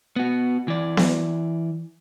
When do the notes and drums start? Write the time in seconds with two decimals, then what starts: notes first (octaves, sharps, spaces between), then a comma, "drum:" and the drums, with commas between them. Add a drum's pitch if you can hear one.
0.16 B3 F#4
0.68 E3 D5
0.97 drum: snare B3